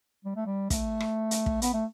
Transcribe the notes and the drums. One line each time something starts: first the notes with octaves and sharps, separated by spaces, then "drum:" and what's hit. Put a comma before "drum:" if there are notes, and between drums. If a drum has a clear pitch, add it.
G3
A3
G3
A3, drum: kick, hi-hat
drum: rim click
drum: hi-hat
drum: kick
B3, drum: hi-hat
A3